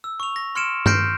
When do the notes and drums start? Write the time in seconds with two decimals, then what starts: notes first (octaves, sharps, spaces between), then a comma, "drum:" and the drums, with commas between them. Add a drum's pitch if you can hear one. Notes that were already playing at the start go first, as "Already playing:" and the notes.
0.04 E6
0.20 C#6 F7
0.36 A#6
0.55 C6 F6 G#6 C#7 D7 E7
0.86 C6 F6 G6 A#6 C7 D7, drum: tom G2